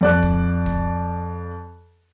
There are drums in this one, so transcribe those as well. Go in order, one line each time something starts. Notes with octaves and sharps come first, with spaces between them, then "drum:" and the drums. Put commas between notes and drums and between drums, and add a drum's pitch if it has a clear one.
F2 D5 F#6
drum: kick
drum: kick